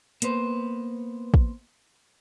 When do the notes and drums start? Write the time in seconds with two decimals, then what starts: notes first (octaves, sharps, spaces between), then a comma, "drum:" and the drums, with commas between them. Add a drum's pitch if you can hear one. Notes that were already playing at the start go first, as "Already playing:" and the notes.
0.22 A#3 B3 B4 C5, drum: hi-hat
1.34 drum: kick